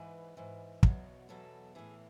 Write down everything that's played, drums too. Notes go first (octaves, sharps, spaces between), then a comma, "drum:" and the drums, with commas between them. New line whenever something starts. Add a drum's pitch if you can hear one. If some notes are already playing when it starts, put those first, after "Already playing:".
Already playing: G#2 E3 B4
G#2 E3
E2 B2 F#3, drum: kick
E2 B2 F#3 A4
A2 E3 G#4